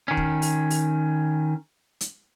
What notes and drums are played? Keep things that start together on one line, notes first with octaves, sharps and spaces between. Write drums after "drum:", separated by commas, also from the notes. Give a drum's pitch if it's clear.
D#3 C#4
drum: kick
drum: open hi-hat
drum: open hi-hat
drum: hi-hat